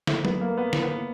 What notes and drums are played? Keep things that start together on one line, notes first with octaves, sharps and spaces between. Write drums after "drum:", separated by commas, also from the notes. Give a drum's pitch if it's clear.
A3, drum: snare
B3, drum: tom F#3
A#3
B3
drum: snare
B3